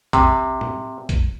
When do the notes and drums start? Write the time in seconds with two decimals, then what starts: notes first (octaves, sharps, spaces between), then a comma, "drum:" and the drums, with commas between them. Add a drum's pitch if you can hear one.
0.13 C3, drum: kick A#1, hi-hat
0.61 drum: tom A2
1.09 drum: kick A#1, hi-hat